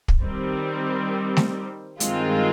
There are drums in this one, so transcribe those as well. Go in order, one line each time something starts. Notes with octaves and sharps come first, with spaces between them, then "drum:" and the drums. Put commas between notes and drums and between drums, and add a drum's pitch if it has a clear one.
drum: kick
D#3 G3 C4
drum: snare A3
G2 D#3 G#3 C4 F4, drum: hi-hat